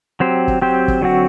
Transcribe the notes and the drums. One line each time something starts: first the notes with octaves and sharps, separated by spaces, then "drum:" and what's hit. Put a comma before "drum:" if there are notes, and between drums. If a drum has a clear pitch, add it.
F#3 C4 G4 C5
drum: kick
F#3 C4 G4 C5
drum: kick
D3 F#3 C4 F#4